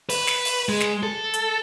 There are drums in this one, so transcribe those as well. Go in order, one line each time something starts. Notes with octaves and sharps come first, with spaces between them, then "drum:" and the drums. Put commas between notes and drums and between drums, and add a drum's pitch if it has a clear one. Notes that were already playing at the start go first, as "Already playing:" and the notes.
B4, drum: open hi-hat
drum: snare
drum: open hi-hat
G#3
drum: snare
A4
drum: hi-hat